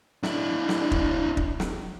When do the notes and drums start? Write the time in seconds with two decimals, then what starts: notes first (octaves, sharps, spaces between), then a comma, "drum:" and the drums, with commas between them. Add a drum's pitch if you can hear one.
0.23 D4 E4, drum: snare
0.69 drum: snare
0.91 drum: kick
1.37 drum: kick
1.60 drum: snare